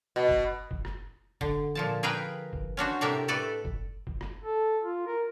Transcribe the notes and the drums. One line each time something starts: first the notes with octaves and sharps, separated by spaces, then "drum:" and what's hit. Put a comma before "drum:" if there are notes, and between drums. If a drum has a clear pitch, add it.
B2
drum: kick
drum: kick
drum: rim click
D3, drum: kick
A#2 F3 A5
G#4 A#4 B4 F5 G5
drum: kick
C#4 D4 F#4 C5
A2 C3 D4 G4 A#4 E5
A3 A4 B4 D5
drum: kick
drum: kick
drum: rim click
A4
F4
A#4